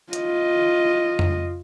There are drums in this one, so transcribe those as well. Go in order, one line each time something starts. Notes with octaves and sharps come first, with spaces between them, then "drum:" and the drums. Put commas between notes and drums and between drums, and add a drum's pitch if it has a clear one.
F4 D#5, drum: hi-hat
drum: tom F2